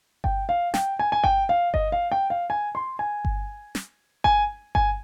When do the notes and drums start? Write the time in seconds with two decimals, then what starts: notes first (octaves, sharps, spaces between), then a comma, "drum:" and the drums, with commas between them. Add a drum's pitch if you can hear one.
0.24 G5, drum: kick G1
0.49 F5
0.74 G5, drum: snare
0.99 G#5
1.12 G#5
1.24 G5, drum: kick G1
1.49 F5
1.74 D#5, drum: kick G1
1.92 F5
2.12 G5
2.30 F5
2.50 G#5
2.75 C6
2.99 G#5
3.25 drum: kick G1
3.75 drum: snare
4.24 G#5, drum: kick G1
4.75 G#5, drum: kick G1